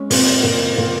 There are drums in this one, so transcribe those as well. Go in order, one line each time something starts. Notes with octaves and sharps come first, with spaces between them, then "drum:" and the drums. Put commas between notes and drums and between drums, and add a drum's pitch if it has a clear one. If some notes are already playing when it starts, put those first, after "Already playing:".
Already playing: G#3 C#4
A#2 C4, drum: open hi-hat
A#2 A#3
A#2 A#3